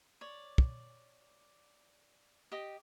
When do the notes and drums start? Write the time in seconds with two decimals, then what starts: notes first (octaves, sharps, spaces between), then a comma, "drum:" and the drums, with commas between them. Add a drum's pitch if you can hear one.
0.21 C#5 D5
0.58 drum: kick
2.52 G4 D#5 D#6